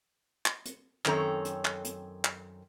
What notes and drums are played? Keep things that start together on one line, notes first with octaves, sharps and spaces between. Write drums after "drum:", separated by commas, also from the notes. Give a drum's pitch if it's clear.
drum: clap
drum: hi-hat
F#2 D#3 C4 A4 C#5 A#5, drum: clap
drum: hi-hat
drum: clap
drum: hi-hat
drum: clap